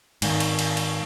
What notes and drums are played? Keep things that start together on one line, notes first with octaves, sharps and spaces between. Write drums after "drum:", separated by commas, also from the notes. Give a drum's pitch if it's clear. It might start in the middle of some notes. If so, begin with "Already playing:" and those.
G#2 D#3, drum: cymbal
drum: cymbal
drum: cymbal
drum: cymbal